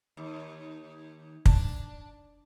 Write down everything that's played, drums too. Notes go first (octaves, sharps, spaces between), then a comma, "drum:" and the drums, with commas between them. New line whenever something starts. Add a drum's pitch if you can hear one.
D#2
D4, drum: kick